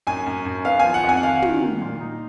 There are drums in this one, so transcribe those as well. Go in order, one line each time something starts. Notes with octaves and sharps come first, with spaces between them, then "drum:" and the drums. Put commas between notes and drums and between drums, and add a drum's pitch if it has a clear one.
F#2 G#5
F#2
F#2
B3 F5
F3 G#5
F#5
F2
G#5
F#5
D#3 F5
D#3, drum: tom
D#3
A#2
D#4